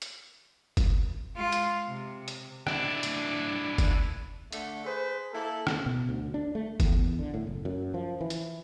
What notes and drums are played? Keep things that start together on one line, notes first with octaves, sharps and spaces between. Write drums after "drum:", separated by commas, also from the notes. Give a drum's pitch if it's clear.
drum: hi-hat
drum: kick F#1, hi-hat
G#3 F4
drum: hi-hat
C3
drum: hi-hat
D4 E4, drum: rim click
drum: hi-hat
drum: kick F#1, hi-hat
D3 A3, drum: hi-hat
G#4 B4 C5
A#3 E4 A4
drum: rim click
B2
D2
D4
A3
E2, drum: kick F#1, hi-hat
D3
A2
F#1
F#2
F3
E3
drum: hi-hat